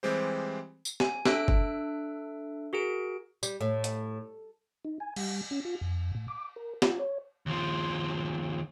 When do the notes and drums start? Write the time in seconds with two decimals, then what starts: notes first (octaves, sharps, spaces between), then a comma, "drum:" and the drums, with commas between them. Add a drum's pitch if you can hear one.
0.03 E3 G3 G#3 C4 G4 C5
0.85 drum: tambourine
1.00 G#5, drum: snare
1.25 D4 A4 E5 E6 F#6 D7, drum: snare
1.48 drum: kick G1
2.73 F#4 G#4 A#4 D7
3.43 G3, drum: tambourine
3.61 A2
3.84 drum: hi-hat
4.85 D#4
5.00 G#5
5.16 G3, drum: cymbal
5.51 C#4
5.65 F4
5.81 F2
6.15 A2
6.28 D6
6.56 A#4
6.82 F4, drum: snare
6.99 C#5
7.46 D#2 F3